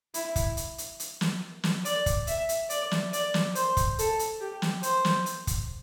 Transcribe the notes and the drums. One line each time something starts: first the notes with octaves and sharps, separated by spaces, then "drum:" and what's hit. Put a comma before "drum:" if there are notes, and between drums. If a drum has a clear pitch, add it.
E4, drum: hi-hat
drum: kick, hi-hat
drum: hi-hat
drum: hi-hat
drum: hi-hat
drum: snare
drum: snare
D5, drum: hi-hat
drum: kick, hi-hat
E5, drum: hi-hat
drum: hi-hat
D5, drum: hi-hat
drum: snare
D5, drum: hi-hat
drum: snare
C5, drum: hi-hat
drum: kick, hi-hat
A4, drum: hi-hat
drum: hi-hat
G4
drum: snare
C5, drum: hi-hat
drum: snare
drum: hi-hat
drum: kick, hi-hat